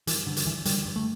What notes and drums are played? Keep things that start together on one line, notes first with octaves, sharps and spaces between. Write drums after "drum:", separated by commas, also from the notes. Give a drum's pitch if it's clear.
G2 E3, drum: hi-hat
G2 D3
drum: hi-hat
D3 E3
D3 G3, drum: hi-hat
G2
A3